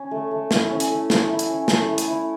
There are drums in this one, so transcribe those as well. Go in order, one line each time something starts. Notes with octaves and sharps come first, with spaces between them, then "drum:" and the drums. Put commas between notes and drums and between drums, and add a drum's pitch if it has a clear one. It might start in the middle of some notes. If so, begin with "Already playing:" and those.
Already playing: C#4
A3
A3
E4, drum: snare
C#4
drum: hi-hat
A3
A3, drum: snare
E4
drum: hi-hat
C#4
A3, drum: snare
A3
drum: hi-hat
E4